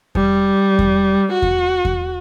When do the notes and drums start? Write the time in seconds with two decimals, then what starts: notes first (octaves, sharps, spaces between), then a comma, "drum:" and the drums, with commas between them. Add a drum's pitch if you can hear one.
0.15 G3, drum: kick E2
0.79 drum: kick E2
1.33 F#4
1.42 drum: kick E2
1.85 drum: kick E2